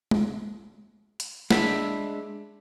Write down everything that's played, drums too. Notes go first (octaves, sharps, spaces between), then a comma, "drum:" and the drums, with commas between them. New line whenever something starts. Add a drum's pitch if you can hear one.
drum: tom G#3
drum: hi-hat
G#3 D4 E5 B5, drum: snare